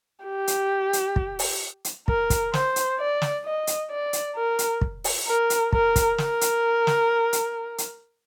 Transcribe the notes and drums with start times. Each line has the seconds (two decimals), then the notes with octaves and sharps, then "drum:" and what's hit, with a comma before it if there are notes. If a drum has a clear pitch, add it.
0.25 G4
0.47 drum: hi-hat
0.93 drum: hi-hat
1.16 drum: kick
1.39 drum: open hi-hat
1.85 drum: hi-hat
2.08 A#4, drum: kick
2.30 drum: kick, hi-hat
2.54 C5, drum: snare
2.76 drum: hi-hat
2.99 D5
3.22 drum: snare
3.45 D#5
3.67 drum: hi-hat
3.90 D5
4.13 drum: hi-hat
4.36 A#4
4.59 drum: hi-hat
4.81 drum: kick
5.04 drum: open hi-hat
5.27 A#4
5.50 drum: hi-hat
5.73 A#4, drum: kick
5.96 drum: kick, hi-hat
6.18 A#4, drum: snare
6.41 drum: hi-hat
6.87 drum: snare
7.33 drum: hi-hat
7.78 drum: hi-hat